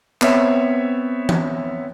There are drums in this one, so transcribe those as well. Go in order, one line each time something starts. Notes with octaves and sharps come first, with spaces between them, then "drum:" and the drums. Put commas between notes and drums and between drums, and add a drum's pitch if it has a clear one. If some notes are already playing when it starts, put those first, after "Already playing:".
B3 C4 C#5 E5, drum: clap
drum: tom E3